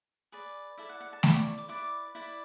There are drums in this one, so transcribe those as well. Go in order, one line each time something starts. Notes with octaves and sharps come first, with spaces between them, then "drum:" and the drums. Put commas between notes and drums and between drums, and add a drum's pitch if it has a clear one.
G#4 B4 D5
E4 A4 D5 E5
F#5
F#5
A5
E4 A4 D5 B5, drum: snare A3
C#6
D6
E4 B4 D5 D6
E4 B4 D5